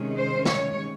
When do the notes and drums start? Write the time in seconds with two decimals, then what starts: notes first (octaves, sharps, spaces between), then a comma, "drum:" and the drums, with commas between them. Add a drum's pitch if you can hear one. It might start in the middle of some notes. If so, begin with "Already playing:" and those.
Already playing: C3 D#3 G#3 C#4
0.17 C5
0.45 C#5, drum: snare